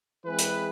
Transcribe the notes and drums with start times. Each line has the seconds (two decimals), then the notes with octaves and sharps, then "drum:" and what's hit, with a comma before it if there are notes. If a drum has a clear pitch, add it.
0.25 E3 G#3 C4 G#4 B4
0.39 drum: hi-hat